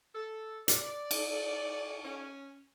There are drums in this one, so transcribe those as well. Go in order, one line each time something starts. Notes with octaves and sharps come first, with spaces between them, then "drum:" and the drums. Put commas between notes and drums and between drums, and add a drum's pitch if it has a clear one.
A4
D5, drum: hi-hat
drum: cymbal
C#4